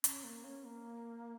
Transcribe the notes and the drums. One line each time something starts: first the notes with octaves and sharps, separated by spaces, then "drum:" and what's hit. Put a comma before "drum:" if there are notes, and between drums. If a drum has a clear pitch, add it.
C#4, drum: hi-hat
A#3
C#4
A#3